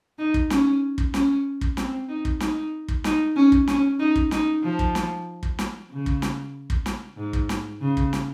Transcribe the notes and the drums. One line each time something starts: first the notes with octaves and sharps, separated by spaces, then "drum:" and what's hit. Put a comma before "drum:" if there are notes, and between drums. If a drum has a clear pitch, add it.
D#4
drum: kick
C#4, drum: snare
drum: kick
C#4, drum: snare
drum: kick
C4, drum: snare
D#4
drum: kick
D#4, drum: snare
drum: kick
D#4, drum: snare
C#4
drum: kick
C#4, drum: snare
D#4
drum: kick
D#4, drum: snare
F3
drum: kick
drum: snare
drum: kick
drum: snare
C#3
drum: kick
drum: snare
drum: kick
drum: snare
G#2
drum: kick
drum: snare
C#3
drum: kick
drum: snare